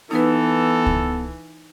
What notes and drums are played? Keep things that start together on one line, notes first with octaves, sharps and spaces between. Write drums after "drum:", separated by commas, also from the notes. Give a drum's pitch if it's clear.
E3 B3 D#4 A4 B4
drum: kick C#2